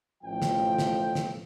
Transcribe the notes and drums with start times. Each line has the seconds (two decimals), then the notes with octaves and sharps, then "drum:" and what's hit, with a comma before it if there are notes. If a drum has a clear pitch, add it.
0.23 A1 F3 G5
0.42 drum: snare
0.79 drum: snare
1.15 drum: snare